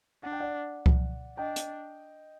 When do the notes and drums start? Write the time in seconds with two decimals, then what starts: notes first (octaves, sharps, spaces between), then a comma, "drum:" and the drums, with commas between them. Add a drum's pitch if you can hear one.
0.23 D4 F#5
0.32 G5
0.40 D5 F#5
0.86 drum: kick C2
1.37 D4 D#5 G5
1.56 drum: hi-hat